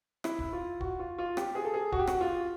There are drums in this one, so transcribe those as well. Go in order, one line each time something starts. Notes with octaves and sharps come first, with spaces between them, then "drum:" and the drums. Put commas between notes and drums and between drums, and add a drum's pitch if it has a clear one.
E4, drum: rim click
drum: kick
F4
F#4, drum: kick
F4
F4
G4, drum: rim click
G#4
A4
G#4
F#4, drum: kick
G4
F#4, drum: rim click
F4